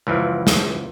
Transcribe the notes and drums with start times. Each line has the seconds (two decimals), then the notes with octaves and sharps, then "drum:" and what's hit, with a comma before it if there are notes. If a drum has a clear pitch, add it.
0.07 C#2 F#2 E3 F3
0.47 drum: snare